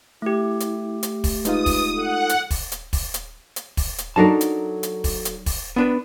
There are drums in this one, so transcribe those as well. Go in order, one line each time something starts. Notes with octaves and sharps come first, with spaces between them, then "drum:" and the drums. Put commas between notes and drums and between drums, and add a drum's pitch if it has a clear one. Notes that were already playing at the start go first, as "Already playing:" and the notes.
A3 E4 G4
drum: hi-hat
drum: hi-hat
drum: kick, open hi-hat
G#3 D#4 F4 B4 D#6, drum: hi-hat
drum: kick, open hi-hat
A4 F#5
drum: hi-hat
drum: kick, open hi-hat
drum: hi-hat
drum: kick, open hi-hat
drum: hi-hat
drum: hi-hat
drum: kick, open hi-hat
drum: hi-hat
F#3 D4 D#4 A4 A#4 A5
drum: hi-hat
drum: hi-hat
drum: kick, open hi-hat
drum: hi-hat
drum: kick, open hi-hat
B3 D4 B4